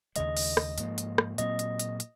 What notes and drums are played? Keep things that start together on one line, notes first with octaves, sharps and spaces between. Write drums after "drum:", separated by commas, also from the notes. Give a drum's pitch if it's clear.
D#2 C#3 G#3 D#5, drum: hi-hat
drum: open hi-hat
drum: rim click
G#2 F3 A#3, drum: hi-hat
drum: hi-hat
drum: rim click
A#2 F#3 C4 D#5, drum: hi-hat
drum: hi-hat
drum: hi-hat
drum: hi-hat